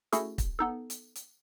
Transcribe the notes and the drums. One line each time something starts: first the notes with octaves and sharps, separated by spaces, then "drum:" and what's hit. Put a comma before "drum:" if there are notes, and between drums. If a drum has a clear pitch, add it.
A3 C#4 E4 F#4 G#4 A4, drum: hi-hat
drum: kick, hi-hat
B3 D#4 A4
drum: hi-hat
drum: hi-hat